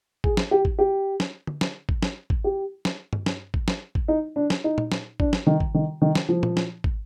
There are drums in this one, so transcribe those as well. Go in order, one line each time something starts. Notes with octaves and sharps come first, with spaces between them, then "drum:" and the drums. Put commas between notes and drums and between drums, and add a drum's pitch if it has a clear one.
G#4, drum: kick
drum: snare
G4
drum: kick
G4
drum: snare
drum: tom
drum: snare
drum: kick
drum: snare
drum: kick
G4
drum: snare
drum: tom G2
drum: snare
drum: kick
drum: snare
drum: kick
D#4
D4
drum: snare
D#4
drum: tom
drum: snare
D4, drum: kick
drum: snare
D#3
drum: kick
D#3
D#3
drum: snare
F3
drum: tom
drum: snare
drum: kick